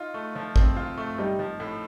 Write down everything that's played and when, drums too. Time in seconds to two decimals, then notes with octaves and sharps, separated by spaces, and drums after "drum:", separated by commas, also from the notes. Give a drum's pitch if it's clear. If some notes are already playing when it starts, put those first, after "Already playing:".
Already playing: D#4 F4
0.14 A3
0.35 F3
0.56 C4, drum: kick
0.76 F4
0.97 A3
1.18 G3 D#4
1.39 F3
1.60 A2